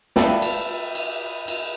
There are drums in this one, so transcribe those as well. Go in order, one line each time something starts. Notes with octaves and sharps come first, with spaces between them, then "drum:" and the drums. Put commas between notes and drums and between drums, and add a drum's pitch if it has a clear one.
B4 D5 E5 F5 G5 A5, drum: snare
drum: cymbal
drum: cymbal
drum: cymbal